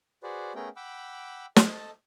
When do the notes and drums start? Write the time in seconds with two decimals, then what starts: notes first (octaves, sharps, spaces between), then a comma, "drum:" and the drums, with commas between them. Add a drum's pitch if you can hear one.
0.23 F#4 G#4 B4 C5 D5
0.55 A3 B3 C#4 G#4 A#4 G5
0.76 F#5 G5 B5 D6 E6
1.56 A4 D#5 A5, drum: snare